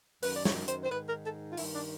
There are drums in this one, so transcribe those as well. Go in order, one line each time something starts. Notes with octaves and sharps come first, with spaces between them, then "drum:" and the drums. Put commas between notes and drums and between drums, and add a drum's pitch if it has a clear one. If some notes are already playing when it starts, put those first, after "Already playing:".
F#2 D#3 B4, drum: open hi-hat
D5
C#5, drum: snare
C5, drum: hi-hat
C5
G#2 D#3 B4
A#4
A4
F4
G2 D#3 E4, drum: open hi-hat
D4